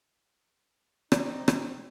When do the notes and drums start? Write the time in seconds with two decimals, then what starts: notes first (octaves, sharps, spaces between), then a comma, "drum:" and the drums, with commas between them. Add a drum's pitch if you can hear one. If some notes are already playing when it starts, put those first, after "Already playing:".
1.12 C4 D#4 D5, drum: rim click
1.48 drum: rim click